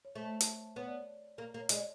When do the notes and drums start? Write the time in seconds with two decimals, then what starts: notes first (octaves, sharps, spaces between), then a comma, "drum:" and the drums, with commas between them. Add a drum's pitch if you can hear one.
0.05 C#5
0.15 A3 C5
0.40 drum: hi-hat
0.76 B3 C#5
0.87 D5
0.97 C#5
1.38 A#3
1.54 A#3
1.60 C#5
1.69 G#3 D5, drum: hi-hat